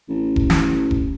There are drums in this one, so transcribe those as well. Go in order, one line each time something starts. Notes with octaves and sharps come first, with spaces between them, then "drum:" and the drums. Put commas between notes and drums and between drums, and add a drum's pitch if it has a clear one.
A1
drum: kick E1
drum: snare
drum: kick E1